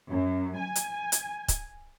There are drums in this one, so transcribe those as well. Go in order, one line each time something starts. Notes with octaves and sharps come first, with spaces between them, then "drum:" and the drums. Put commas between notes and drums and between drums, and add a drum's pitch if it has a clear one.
F#2
G#5
drum: hi-hat
drum: hi-hat
drum: kick C#1, hi-hat